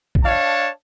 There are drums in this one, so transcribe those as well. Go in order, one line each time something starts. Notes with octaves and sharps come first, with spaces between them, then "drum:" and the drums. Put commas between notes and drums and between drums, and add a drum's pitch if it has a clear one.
drum: kick A#1
D4 C#5 F5 A5